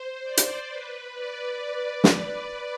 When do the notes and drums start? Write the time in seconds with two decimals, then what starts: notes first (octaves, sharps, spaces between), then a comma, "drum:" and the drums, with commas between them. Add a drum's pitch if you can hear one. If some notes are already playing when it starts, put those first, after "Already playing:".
Already playing: C5
0.22 D5
0.37 drum: hi-hat
0.68 B4
1.14 D5
2.04 drum: snare